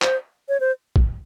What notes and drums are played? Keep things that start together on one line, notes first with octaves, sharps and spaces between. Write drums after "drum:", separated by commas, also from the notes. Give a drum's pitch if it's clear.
C5, drum: clap
C#5
C5
drum: kick